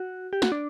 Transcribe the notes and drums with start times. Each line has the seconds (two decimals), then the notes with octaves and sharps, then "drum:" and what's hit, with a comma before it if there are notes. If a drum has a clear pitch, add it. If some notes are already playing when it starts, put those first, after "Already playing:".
Already playing: F#4
0.33 G4
0.42 F#4, drum: snare
0.52 D4